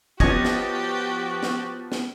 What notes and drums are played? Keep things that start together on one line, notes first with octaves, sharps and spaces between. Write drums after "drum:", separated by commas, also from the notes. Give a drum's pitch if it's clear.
F3 B3 F#4 G4 C#5 D#5 G#5, drum: kick
drum: snare
drum: snare
drum: snare